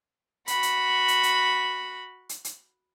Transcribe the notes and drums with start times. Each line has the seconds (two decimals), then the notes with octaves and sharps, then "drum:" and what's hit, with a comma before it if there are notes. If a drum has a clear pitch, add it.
0.48 F#4 B5, drum: hi-hat
0.63 drum: hi-hat
1.08 drum: hi-hat
1.23 drum: hi-hat
2.29 drum: hi-hat
2.44 drum: hi-hat